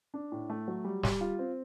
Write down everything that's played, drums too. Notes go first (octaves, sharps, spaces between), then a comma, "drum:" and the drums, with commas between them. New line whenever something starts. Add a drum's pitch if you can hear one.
D4
A2
A3
F#3
G3
G3, drum: snare
F4
C4